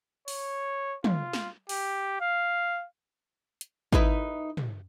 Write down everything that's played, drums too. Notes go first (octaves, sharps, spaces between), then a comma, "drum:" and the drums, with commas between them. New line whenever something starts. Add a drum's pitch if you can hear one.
C#5, drum: open hi-hat
F4, drum: tom
drum: snare
G4, drum: open hi-hat
F5
drum: hi-hat
D#4 E4 B4, drum: kick G#1
drum: tom